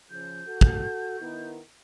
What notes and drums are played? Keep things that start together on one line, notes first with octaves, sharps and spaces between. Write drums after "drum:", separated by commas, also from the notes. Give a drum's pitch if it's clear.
C#3 F3 G6
F#4 A4
drum: kick
D#3 B3 E4